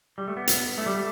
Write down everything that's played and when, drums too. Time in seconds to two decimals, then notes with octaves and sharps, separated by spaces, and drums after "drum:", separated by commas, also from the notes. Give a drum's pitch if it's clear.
0.18 G3
0.28 A3
0.37 B3
0.47 drum: hi-hat
0.78 A3
0.86 G3
0.95 A3